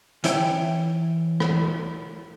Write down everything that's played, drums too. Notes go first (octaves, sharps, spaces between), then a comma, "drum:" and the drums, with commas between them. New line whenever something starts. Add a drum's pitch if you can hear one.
E3 E4 C#5 G5, drum: hi-hat
drum: rim click